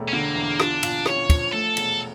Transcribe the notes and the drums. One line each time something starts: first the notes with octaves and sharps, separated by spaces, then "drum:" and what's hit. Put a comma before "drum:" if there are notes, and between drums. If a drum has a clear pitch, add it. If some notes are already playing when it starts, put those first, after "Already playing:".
Already playing: E1 A3
C#4
D3 A#3
E2
D4 F4, drum: rim click
A#2, drum: cymbal
C#4 C#5, drum: rim click
F3, drum: kick, cymbal
A3 A4
E1, drum: cymbal